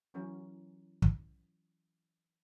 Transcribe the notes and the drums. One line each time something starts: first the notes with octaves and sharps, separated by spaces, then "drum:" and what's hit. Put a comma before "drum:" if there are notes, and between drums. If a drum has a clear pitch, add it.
E3 F#3 C#4 A#4
drum: kick